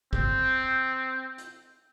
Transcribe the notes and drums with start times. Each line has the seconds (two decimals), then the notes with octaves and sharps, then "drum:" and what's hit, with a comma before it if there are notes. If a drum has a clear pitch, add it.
0.13 C4, drum: kick A1
1.38 drum: hi-hat